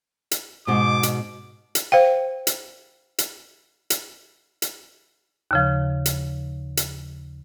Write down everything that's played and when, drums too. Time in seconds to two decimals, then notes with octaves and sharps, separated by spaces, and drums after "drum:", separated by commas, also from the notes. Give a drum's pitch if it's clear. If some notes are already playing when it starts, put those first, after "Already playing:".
0.31 drum: hi-hat
0.67 G#2 B2 D6
1.03 drum: hi-hat
1.75 drum: hi-hat
1.92 C5 F5 G5
2.47 drum: hi-hat
3.18 drum: hi-hat
3.90 drum: hi-hat
4.62 drum: hi-hat
5.51 D#2 C#3 F3
6.06 drum: hi-hat
6.77 drum: hi-hat